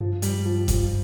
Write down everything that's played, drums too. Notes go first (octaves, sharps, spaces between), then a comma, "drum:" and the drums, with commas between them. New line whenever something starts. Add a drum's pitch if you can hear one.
G2 F3
G3, drum: hi-hat
F3
F3, drum: kick G1, hi-hat